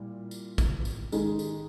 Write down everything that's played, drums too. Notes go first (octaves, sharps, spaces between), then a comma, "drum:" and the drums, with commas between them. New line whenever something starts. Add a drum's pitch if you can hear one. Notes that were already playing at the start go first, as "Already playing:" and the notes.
Already playing: A#2 G3 E4
drum: tambourine
drum: kick, tambourine
drum: tambourine
D#3 G#3 D#4, drum: tambourine
drum: tambourine